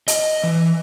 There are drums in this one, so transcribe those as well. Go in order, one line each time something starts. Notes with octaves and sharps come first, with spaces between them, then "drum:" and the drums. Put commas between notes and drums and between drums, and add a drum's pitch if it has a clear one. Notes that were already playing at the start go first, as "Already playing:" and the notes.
D#5, drum: hi-hat
E3